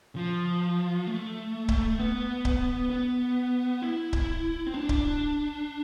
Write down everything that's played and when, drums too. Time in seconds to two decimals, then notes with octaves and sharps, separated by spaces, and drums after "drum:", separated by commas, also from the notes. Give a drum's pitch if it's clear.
0.16 F3
1.07 A3
1.68 drum: kick C#1
1.99 B3
2.45 drum: kick C#1
2.90 B3
3.82 E4
4.13 drum: kick C#1
4.66 C4
4.74 D4
4.89 drum: kick C#1